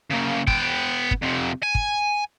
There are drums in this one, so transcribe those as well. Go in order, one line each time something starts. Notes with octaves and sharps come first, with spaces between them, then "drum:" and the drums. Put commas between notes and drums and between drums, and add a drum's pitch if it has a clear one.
C#3 A#3
B3 G5, drum: kick
drum: kick
F2 C3
G#5
drum: kick